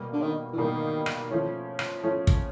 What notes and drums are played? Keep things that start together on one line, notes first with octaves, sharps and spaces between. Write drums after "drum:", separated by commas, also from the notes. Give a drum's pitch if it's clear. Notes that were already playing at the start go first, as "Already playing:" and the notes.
Already playing: B2 G3 A#3
D3
D#3
E3
B2 D#3 G3 A#3 D#4
drum: rim click
F3 A3 C#4
drum: rim click
F3 A3 C#4
drum: kick